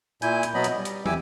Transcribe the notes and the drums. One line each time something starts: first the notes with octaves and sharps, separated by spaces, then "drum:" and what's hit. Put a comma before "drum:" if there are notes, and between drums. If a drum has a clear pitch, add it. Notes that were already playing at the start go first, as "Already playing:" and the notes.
A#2 E4 G#5 G6, drum: hi-hat
drum: hi-hat
B2 F#3 B3 D#5 B5
drum: hi-hat
G3
drum: hi-hat
E2 E4 G4 G#5 D6 E6, drum: tom